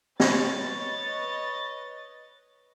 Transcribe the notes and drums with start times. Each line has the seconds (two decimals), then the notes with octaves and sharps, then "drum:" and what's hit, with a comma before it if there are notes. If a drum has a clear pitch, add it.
0.20 B4 C#5 D#5 A6, drum: snare